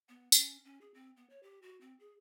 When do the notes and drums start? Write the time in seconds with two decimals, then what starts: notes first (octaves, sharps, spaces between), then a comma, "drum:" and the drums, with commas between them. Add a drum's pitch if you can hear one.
0.09 B3
0.32 C#4, drum: tambourine
0.65 C#4
0.81 G#4
0.94 C4
1.17 B3
1.30 C#5
1.43 G4
1.62 F#4
1.81 C4
2.00 G#4